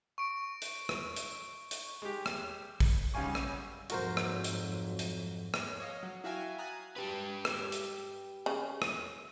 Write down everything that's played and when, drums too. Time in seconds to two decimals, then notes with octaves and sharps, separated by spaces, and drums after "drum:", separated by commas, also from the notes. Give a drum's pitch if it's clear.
0.18 C#6 D7
0.62 drum: hi-hat
0.89 drum: rim click
1.16 drum: hi-hat
1.71 drum: hi-hat
2.02 G#3 G4
2.26 drum: rim click
2.80 drum: kick, open hi-hat
3.14 C#2 F#2 G3 F5 G#5 C#6
3.35 drum: rim click
3.90 F2 G#2 F#3 F#4 A#4 C5, drum: hi-hat
4.17 drum: rim click
4.44 drum: hi-hat
4.99 drum: hi-hat
5.54 drum: rim click
5.80 C#5 D#5 F5
6.03 F#3
6.24 E4 F#4 E5 F5 G5 G#5
6.58 G#5 A#5 D#6 F#6 A6
6.97 G4 B4
7.45 drum: rim click
7.72 drum: hi-hat
8.46 C#3
8.82 drum: rim click